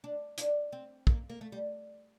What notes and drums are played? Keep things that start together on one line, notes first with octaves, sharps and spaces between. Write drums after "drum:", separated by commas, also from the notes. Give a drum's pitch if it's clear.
D4
D4, drum: hi-hat
C4
A#3, drum: kick
A#3
A3
G3